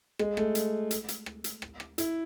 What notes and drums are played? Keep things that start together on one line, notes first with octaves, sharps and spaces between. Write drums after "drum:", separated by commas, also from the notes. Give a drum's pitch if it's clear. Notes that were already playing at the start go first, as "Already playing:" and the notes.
G#3, drum: rim click
A3, drum: rim click
drum: hi-hat
drum: hi-hat
drum: hi-hat
drum: rim click
drum: hi-hat
drum: rim click
drum: rim click
E4, drum: hi-hat